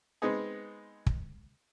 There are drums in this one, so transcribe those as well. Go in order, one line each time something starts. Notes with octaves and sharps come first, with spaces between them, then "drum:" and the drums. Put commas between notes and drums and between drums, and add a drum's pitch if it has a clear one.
G#3 B3 C4 D#4 G#4
drum: kick